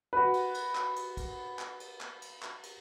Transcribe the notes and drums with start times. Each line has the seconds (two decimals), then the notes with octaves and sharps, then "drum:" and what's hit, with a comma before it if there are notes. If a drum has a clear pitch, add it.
0.13 F#4 B4
0.34 drum: cymbal
0.55 drum: cymbal
0.75 drum: clap
0.96 drum: cymbal
1.17 drum: kick, cymbal
1.59 drum: clap
1.80 drum: cymbal
2.01 drum: clap
2.22 drum: cymbal
2.43 drum: clap
2.63 drum: cymbal